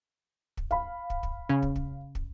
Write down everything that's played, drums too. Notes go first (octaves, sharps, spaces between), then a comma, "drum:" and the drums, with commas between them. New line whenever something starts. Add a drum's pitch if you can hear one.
drum: kick
F5 B5, drum: kick
drum: kick
drum: kick
C#3 C#4
drum: kick
drum: kick
drum: kick